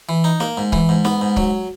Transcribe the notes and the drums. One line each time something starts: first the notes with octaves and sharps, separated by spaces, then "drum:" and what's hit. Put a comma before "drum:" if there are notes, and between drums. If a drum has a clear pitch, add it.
E3
D#4
A#3, drum: snare
G#2
E3, drum: kick
G#2
B3, drum: snare
G#2
F#3, drum: kick